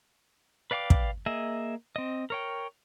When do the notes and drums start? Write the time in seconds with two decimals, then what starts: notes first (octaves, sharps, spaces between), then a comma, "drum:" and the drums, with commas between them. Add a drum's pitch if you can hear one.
0.71 B4 D5 F5 G5 D6
0.90 drum: kick
1.26 A#3 G#4 D#5 E5
1.96 C4 D#5
2.30 A#4 C#5 G5